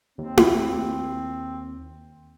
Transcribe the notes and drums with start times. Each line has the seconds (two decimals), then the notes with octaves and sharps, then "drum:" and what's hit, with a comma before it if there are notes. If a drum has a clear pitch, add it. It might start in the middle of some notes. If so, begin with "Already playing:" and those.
0.18 D#2 C4
0.37 drum: tom E4